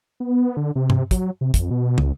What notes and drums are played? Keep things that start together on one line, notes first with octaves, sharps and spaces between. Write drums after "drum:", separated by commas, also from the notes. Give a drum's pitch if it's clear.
B3
D3
C3
drum: tom
F#3, drum: kick, hi-hat
C3
F2, drum: kick, hi-hat
B2
C#2, drum: tom